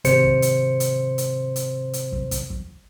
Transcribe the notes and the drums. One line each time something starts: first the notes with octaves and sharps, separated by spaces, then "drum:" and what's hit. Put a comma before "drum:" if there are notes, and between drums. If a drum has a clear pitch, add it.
G#1 C3 C5 C#7, drum: hi-hat
drum: kick
drum: hi-hat
drum: hi-hat
drum: hi-hat
drum: hi-hat
drum: hi-hat
drum: kick
drum: kick, hi-hat
drum: kick